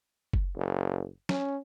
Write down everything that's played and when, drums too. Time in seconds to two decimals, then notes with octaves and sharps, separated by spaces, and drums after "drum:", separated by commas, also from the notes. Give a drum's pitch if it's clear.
0.33 drum: kick F#1
0.56 F#1
1.29 C#4, drum: snare